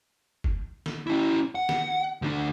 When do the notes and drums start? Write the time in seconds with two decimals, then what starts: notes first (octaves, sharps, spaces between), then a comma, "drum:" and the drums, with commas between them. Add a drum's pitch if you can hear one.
0.44 drum: kick
0.86 drum: snare
1.07 C#4 E4
1.55 F#5
1.69 drum: snare
2.22 D2 D4